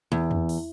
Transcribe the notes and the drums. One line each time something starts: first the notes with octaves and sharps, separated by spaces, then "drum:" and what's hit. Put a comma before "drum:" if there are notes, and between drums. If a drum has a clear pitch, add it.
E2
drum: tom E2
drum: open hi-hat